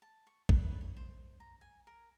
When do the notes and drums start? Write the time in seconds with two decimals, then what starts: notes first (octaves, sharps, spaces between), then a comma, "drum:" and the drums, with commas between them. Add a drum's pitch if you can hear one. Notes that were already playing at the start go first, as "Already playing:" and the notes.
0.02 A5
0.27 C#6
0.49 B4, drum: kick
0.81 C#5
0.96 C5
1.40 A#5
1.61 G#5
1.87 A#4